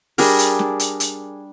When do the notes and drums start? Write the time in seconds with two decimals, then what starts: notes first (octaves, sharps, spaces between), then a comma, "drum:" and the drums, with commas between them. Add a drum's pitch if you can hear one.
0.18 G3 D4 G#4 A#4, drum: open hi-hat
0.39 drum: hi-hat
0.59 drum: snare
0.80 drum: hi-hat
1.00 drum: hi-hat